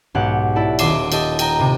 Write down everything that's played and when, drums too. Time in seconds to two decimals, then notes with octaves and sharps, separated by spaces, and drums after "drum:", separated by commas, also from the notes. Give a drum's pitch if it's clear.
0.15 B1 G#2 G4 F#5
0.55 E4 A4 D5
0.79 D#1 D6 C7 E7, drum: cymbal
1.12 G4 A4 D#5, drum: cymbal
1.39 G5 A#5, drum: cymbal
1.58 A2 C3